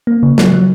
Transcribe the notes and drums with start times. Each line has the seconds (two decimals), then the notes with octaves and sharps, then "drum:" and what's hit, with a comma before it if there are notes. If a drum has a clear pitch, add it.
0.07 A#3
0.23 C#3
0.38 F#3, drum: snare
0.53 F#3